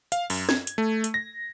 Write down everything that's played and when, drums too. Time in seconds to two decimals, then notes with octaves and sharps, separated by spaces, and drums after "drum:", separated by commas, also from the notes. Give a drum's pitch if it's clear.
0.12 F5, drum: hi-hat
0.30 F#2, drum: open hi-hat
0.49 G#6, drum: snare
0.67 drum: hi-hat
0.78 A3
1.04 drum: hi-hat
1.14 A#6